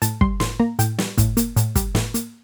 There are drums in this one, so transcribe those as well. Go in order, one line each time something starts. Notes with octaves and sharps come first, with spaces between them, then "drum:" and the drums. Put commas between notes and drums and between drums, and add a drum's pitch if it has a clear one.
A2 A5, drum: hi-hat
G3 C6, drum: kick
A2 C6, drum: snare
A#3 A#5
A2 G5, drum: hi-hat
G3, drum: snare
A2, drum: kick, hi-hat
A#3, drum: hi-hat
A2, drum: hi-hat
G3, drum: kick, hi-hat
A2, drum: snare
A#3, drum: hi-hat